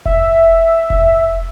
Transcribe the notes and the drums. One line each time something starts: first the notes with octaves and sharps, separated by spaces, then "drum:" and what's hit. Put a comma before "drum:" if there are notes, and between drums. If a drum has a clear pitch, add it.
E5, drum: kick F1
drum: kick F1